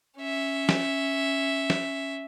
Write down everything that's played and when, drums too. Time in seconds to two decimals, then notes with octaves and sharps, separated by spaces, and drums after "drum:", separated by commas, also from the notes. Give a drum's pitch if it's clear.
0.18 C#4 E5
0.69 drum: snare
1.70 drum: snare